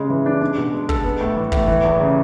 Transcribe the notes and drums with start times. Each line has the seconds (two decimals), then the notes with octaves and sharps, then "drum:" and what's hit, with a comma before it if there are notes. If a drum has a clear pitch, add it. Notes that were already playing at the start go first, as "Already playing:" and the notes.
Already playing: C#3 G#3
0.10 E3
0.26 D4
0.41 D4
0.57 B2
0.73 G#3
0.89 A4, drum: kick
1.04 B3
1.20 A2
1.37 E3
1.52 A2, drum: kick
1.68 E3
1.85 E2
2.00 C#3